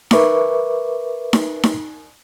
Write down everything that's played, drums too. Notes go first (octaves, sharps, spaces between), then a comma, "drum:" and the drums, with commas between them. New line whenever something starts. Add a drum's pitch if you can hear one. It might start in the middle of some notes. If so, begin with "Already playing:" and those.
A#4 B4 E5 C#6 D6, drum: snare D#4
drum: snare D#4
drum: snare D#4